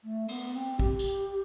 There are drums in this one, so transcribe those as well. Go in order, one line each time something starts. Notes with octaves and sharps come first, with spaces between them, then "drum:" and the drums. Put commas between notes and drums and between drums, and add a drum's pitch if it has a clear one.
A3
B3, drum: cymbal
C4
G4, drum: kick
drum: tambourine